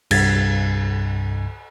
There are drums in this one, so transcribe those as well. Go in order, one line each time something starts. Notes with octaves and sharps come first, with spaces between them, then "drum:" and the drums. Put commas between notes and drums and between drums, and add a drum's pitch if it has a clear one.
C2 G2 G#6 A6, drum: cymbal